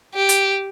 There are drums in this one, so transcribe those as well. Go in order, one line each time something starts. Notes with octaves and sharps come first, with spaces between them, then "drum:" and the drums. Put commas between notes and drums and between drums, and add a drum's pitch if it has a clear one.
G4
drum: hi-hat